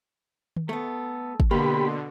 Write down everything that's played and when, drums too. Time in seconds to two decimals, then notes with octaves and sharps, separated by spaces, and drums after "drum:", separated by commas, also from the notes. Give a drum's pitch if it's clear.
0.56 drum: tom D#3
0.69 A3 B3 A4
1.40 drum: kick
1.51 B2 D3 A#3 G4 B5 C6